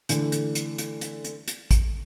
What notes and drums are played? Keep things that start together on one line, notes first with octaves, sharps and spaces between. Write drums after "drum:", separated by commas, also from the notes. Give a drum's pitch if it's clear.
D3 E3 A3, drum: hi-hat
drum: hi-hat
drum: hi-hat
drum: hi-hat
drum: hi-hat
drum: hi-hat
drum: hi-hat
drum: kick A1, hi-hat